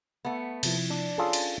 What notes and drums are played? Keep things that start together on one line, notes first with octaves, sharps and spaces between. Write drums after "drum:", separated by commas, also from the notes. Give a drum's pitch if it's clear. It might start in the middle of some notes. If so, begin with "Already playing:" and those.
A3 B3
C3 F3 E4, drum: cymbal
D4
C#4 F4 G#4 A4
drum: cymbal